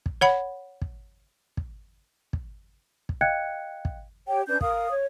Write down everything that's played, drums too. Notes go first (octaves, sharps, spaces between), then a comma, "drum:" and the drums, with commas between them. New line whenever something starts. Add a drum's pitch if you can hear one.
drum: kick
C#5 F#5 B5
drum: kick
drum: kick
drum: kick
drum: kick
D#5 F5 G5 F#6 G#6 C#7
drum: kick
G4 C#5 G5
C#4 D4 B4 G6
A#4 F5 D#6, drum: kick
C#5